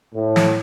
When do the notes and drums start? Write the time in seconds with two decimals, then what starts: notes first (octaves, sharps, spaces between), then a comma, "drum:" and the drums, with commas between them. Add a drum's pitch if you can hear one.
0.15 A2
0.36 drum: snare